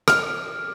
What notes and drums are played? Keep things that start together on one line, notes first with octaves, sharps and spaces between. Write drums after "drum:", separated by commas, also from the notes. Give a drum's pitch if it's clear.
F6, drum: rim click